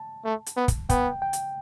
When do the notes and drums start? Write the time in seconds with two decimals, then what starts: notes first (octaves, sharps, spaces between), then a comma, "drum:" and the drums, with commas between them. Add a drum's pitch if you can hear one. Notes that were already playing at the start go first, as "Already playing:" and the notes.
Already playing: A5
0.25 A3
0.46 drum: hi-hat
0.57 B3
0.68 drum: kick, hi-hat
0.90 B3 G5, drum: kick, hi-hat
1.22 G5
1.33 drum: hi-hat